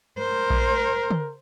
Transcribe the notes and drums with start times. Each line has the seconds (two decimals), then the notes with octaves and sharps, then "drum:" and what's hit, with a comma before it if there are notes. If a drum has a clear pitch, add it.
0.18 A#4 C5
0.50 drum: kick A#1
1.11 drum: tom